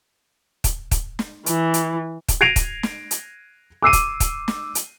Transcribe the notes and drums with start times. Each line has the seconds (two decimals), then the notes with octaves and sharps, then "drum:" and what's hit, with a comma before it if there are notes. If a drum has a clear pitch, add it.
0.64 drum: kick, hi-hat
0.91 drum: kick, hi-hat
1.19 drum: snare
1.46 E3, drum: hi-hat
1.74 drum: hi-hat
2.28 drum: kick, hi-hat
2.41 G#6 A#6 C7 D7 D#7 F7
2.56 drum: kick, hi-hat
2.83 drum: snare
3.11 drum: hi-hat
3.82 D6 E6 C7 D#7
3.93 drum: kick, hi-hat
4.20 drum: kick, hi-hat
4.48 drum: snare
4.75 drum: hi-hat